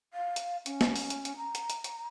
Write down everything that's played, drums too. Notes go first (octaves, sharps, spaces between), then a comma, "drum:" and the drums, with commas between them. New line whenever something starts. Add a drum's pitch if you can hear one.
F5
drum: hi-hat
C#4, drum: hi-hat
drum: snare
drum: open hi-hat
drum: hi-hat
drum: hi-hat
A#5
drum: hi-hat
drum: hi-hat
drum: hi-hat